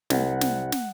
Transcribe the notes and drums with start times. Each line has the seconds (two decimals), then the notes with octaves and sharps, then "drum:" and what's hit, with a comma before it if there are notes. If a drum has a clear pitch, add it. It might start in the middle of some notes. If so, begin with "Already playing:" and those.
0.10 C2 F#5, drum: snare
0.41 drum: snare
0.72 drum: snare